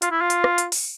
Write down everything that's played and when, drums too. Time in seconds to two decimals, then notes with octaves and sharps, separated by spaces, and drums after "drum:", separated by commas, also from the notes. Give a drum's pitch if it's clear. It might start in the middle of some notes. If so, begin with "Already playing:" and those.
0.02 F4, drum: hi-hat
0.11 E4
0.21 F4
0.30 drum: hi-hat
0.44 drum: rim click
0.58 drum: hi-hat
0.72 drum: open hi-hat